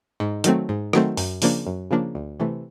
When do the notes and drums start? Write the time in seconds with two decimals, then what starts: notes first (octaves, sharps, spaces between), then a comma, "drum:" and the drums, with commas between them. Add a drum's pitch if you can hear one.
0.20 G#2
0.44 D#3 F#3 A3 C4, drum: hi-hat
0.69 G#2
0.93 D#3 F#3 A3 C4, drum: rim click
1.17 F#2, drum: open hi-hat
1.42 C#3 F3 A#3 D4, drum: open hi-hat
1.67 F#2
1.91 C#3 F3 A#3 D4
2.15 D2
2.40 C3 E3 A3